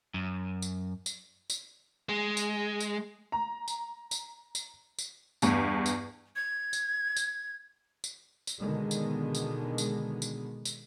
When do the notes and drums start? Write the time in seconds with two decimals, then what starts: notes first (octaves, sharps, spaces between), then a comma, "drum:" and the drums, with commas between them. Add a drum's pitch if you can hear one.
0.14 F#2
0.62 drum: tambourine
1.06 drum: tambourine
1.50 drum: tambourine
2.09 G#3
2.37 drum: tambourine
2.80 drum: tambourine
3.32 A#5
3.68 drum: tambourine
4.11 drum: tambourine
4.55 drum: tambourine
4.99 drum: tambourine
5.42 E2 G2, drum: tambourine
5.86 drum: tambourine
6.36 G#6
6.73 drum: tambourine
7.17 drum: tambourine
8.04 drum: tambourine
8.47 drum: tambourine
8.58 B2 D3 D#3 G#3 B3
8.91 drum: tambourine
9.35 drum: tambourine
9.78 drum: tambourine
10.22 drum: tambourine
10.65 drum: tambourine